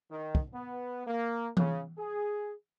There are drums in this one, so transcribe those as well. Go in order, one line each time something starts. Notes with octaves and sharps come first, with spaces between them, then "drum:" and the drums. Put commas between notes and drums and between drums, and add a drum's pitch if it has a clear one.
D#3
drum: kick
B3
A#3
C#3, drum: tom E3
G#4